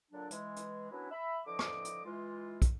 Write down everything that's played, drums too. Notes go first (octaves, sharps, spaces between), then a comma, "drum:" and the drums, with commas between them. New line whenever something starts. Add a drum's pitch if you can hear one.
A#2 D3 F#3 D4
E3 G#3, drum: hi-hat
drum: hi-hat
F#3 B3 C#4 D4 E4
E5 B5
D3 E3 F3 D#5 D6
drum: rim click
drum: hi-hat
E3 G#3 F4
drum: kick, hi-hat